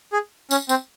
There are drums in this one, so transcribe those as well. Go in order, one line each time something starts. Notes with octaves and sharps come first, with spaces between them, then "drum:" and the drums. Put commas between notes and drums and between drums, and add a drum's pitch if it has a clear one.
G#4
C#4, drum: tambourine
C4, drum: tambourine